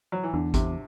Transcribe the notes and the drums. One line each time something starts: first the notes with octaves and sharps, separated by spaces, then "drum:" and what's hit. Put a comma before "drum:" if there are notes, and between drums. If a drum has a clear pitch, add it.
F#3
E3
E2 D3
C3, drum: kick G#1, hi-hat